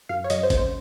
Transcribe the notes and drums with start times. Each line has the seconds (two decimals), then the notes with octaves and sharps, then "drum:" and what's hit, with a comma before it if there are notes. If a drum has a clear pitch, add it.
0.09 F#2 F5
0.24 C#5
0.30 F#2 D#5, drum: hi-hat
0.43 C5
0.50 C#3, drum: kick, hi-hat
0.57 C5